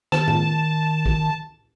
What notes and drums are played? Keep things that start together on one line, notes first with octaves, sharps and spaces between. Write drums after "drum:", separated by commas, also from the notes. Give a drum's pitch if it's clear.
D#3 A5, drum: rim click
drum: tom
drum: kick